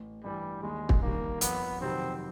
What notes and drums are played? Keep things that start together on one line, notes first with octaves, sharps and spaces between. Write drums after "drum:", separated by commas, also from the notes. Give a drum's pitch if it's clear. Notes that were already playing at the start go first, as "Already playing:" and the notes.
Already playing: A1
G2 E3 G3
D#2 G#3
drum: kick
D#3 G3 A#3
F2 B3, drum: hi-hat
C3 D#3 F#3 C4